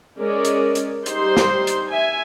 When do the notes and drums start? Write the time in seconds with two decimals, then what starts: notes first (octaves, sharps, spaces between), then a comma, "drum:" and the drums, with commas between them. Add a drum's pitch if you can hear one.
0.18 G#3 C#4 A#4 D5
0.45 drum: hi-hat
0.75 drum: hi-hat
1.06 G3 D#4 G4 C5 C6, drum: hi-hat
1.37 drum: snare
1.67 drum: hi-hat
1.89 E5 G#5